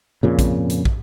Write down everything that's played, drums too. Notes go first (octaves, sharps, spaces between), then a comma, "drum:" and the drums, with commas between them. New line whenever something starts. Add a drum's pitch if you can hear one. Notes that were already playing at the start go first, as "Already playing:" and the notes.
F2 A#2 C#3
drum: kick, hi-hat
drum: hi-hat
drum: kick